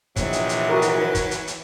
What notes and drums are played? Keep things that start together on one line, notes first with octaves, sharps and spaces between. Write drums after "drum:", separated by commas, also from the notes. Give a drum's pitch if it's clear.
A#1 C3 E3 F#3 B3 D#5, drum: kick G1, hi-hat
drum: hi-hat
drum: hi-hat
F#4 A#4
drum: hi-hat
drum: kick G1, hi-hat
drum: hi-hat
drum: hi-hat